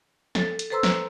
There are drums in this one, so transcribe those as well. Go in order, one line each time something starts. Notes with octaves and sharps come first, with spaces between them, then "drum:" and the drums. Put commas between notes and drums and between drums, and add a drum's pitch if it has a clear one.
A4 A6, drum: snare
drum: hi-hat
A4 B4 C5 A#5 C6 E6
drum: snare